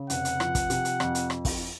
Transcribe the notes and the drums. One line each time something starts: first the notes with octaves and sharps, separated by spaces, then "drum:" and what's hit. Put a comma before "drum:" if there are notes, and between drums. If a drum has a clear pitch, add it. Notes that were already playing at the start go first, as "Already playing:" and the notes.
Already playing: C#3
F1 F#5, drum: hi-hat
drum: hi-hat
F3, drum: rim click
drum: kick, hi-hat
C3, drum: hi-hat
drum: hi-hat
F2, drum: rim click
drum: hi-hat
drum: rim click
drum: kick, open hi-hat